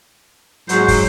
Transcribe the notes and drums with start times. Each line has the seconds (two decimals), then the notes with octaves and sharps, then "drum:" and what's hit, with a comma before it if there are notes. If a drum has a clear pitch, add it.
0.69 G#2 F#3 C5, drum: hi-hat
0.88 drum: kick, open hi-hat